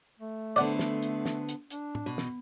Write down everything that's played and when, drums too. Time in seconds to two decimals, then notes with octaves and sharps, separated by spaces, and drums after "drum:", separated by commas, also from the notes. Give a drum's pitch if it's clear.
0.19 A3
0.56 D3 B3 C5 D5 F#5, drum: hi-hat
0.79 drum: snare
1.02 drum: hi-hat
1.26 drum: snare
1.49 drum: hi-hat
1.70 D4, drum: hi-hat
1.95 drum: tom
2.06 B2
2.18 drum: snare